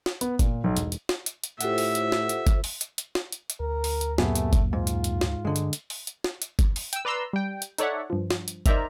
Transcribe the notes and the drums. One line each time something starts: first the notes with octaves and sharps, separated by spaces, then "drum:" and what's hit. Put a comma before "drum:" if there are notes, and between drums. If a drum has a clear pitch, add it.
drum: snare
B3, drum: hi-hat
A#2, drum: kick G1, hi-hat
B1
E1, drum: hi-hat
drum: hi-hat
drum: snare
drum: hi-hat
drum: hi-hat
A2 F4 G4 A4 C5 E5 F#5, drum: hi-hat
drum: open hi-hat
drum: hi-hat
drum: snare
drum: hi-hat
drum: kick G1, hi-hat
drum: open hi-hat
drum: hi-hat
drum: hi-hat
drum: snare
drum: hi-hat
drum: hi-hat
D2 A#4
drum: open hi-hat
drum: hi-hat
F#2 A#2 A3 B3 G4 G#4, drum: snare
drum: hi-hat
drum: kick G1, hi-hat
G#2 F4
drum: hi-hat
drum: hi-hat
drum: snare
G2 D3 G#3
drum: hi-hat
drum: hi-hat
drum: open hi-hat
drum: hi-hat
drum: snare
drum: hi-hat
drum: kick G1, hi-hat
drum: open hi-hat
G5 E6, drum: hi-hat
B4 D5 A#5 C6 E6
G3 G5
drum: hi-hat
D#4 A4 C#5 D5 E5 F#5, drum: hi-hat
G2 F3
drum: snare
drum: hi-hat
D#4 A#4 C5 D5 E5 A#5, drum: kick G1, hi-hat